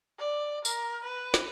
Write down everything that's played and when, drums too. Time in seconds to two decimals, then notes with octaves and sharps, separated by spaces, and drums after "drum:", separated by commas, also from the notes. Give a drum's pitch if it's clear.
0.19 D5
0.65 A#4, drum: tambourine
1.04 B4
1.34 drum: snare